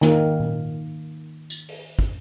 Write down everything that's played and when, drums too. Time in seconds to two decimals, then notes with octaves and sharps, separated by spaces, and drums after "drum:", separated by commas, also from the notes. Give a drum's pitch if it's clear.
0.01 D#3 A#3, drum: snare
0.40 drum: tom
1.50 drum: tambourine
1.68 drum: open hi-hat
1.99 drum: kick